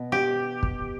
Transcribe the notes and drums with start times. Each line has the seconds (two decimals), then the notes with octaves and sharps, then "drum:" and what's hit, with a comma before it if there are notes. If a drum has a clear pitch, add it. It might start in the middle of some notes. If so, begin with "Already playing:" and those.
Already playing: B2
0.12 G4
0.63 drum: kick